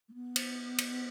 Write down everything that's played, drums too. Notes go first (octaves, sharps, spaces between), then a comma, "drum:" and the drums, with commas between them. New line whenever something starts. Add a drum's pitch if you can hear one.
A3
B3
drum: cymbal
drum: cymbal